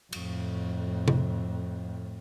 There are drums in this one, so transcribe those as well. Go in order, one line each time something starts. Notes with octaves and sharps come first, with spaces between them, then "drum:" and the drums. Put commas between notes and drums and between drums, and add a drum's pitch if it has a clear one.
F2 A2, drum: cymbal
drum: tom C3